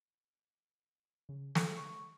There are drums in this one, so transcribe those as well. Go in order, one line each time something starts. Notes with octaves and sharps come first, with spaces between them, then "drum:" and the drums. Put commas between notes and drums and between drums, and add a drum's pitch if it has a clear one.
C#3
A4, drum: snare
C#6